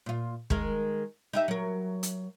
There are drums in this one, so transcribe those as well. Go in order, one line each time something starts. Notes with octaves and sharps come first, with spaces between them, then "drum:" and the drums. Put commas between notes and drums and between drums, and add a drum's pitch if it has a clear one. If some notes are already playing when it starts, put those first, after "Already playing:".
A#2 F4
D#3 G#3 A#4, drum: kick
D#4 G4 E5
F#3 A#4
drum: hi-hat